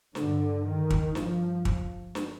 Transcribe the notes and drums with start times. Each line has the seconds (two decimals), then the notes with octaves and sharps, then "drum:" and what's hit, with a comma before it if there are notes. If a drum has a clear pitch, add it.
0.15 G2 D3, drum: snare
0.65 D#3
0.90 drum: kick
1.15 G2 F3, drum: snare
1.65 drum: kick
2.15 drum: snare